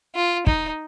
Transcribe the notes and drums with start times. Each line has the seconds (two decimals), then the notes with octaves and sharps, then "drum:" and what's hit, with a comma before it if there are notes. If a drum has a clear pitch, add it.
0.15 F4
0.47 D#4, drum: kick